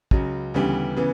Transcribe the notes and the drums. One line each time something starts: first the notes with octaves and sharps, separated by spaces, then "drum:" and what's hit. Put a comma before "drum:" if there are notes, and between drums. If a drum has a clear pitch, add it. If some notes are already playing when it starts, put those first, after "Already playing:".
C#2 C#3 F#3, drum: kick
D2 C#3 E3 G3 B3
C#3 E3 B3